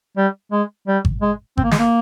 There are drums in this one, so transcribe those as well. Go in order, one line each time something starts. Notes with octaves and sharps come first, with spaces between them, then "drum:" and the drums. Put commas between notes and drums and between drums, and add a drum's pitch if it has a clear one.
G3
G#3
G3
drum: kick G#1
G#3
C4, drum: kick G#1
A#3
G#3, drum: snare
A#3